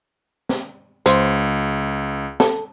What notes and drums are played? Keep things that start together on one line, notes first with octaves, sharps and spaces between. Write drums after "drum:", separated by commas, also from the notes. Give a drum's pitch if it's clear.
drum: snare
C#2 C5, drum: hi-hat
A4, drum: snare